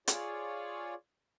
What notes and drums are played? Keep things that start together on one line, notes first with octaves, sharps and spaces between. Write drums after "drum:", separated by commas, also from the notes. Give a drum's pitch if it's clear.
F4 G#4 C#5 D5, drum: hi-hat